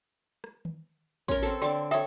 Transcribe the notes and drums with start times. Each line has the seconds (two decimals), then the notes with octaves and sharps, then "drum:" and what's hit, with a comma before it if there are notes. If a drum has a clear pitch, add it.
0.44 drum: rim click
0.65 drum: tom D#3
1.28 C#4 A#4 C6, drum: kick
1.43 C4 A4
1.62 D3 G5 C6 D6
1.91 A4 C#5 E5 G5 D#6